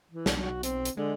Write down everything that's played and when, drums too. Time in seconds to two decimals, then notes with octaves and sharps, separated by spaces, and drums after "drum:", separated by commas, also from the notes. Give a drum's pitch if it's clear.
0.11 E3
0.26 B1, drum: snare
0.40 F#4
0.63 C4, drum: hi-hat
0.85 drum: hi-hat
0.97 D3 G#3